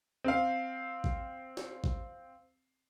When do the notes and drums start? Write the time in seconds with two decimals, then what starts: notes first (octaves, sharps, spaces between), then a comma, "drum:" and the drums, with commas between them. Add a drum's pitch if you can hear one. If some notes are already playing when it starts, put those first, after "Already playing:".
0.24 C4 F5
1.04 drum: kick
1.57 drum: snare
1.84 drum: kick